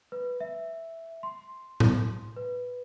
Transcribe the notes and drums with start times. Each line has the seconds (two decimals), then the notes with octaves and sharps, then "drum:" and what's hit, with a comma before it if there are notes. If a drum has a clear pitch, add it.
0.12 B4
0.40 E5
1.23 C6
1.80 drum: tom A2
2.37 B4